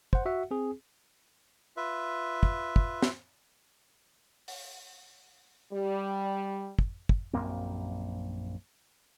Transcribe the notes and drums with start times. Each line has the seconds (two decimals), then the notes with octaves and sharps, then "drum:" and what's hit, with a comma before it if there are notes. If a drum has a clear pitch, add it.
0.13 C5 F#5, drum: kick
0.26 F#4 E5 F#5
0.51 C4 G#4
1.77 F4 B4 E5
2.43 drum: kick
2.76 drum: kick
3.02 drum: snare
4.48 drum: open hi-hat
5.73 G3
6.79 drum: kick
7.09 drum: kick
7.34 A#1 F#2 A#3 C4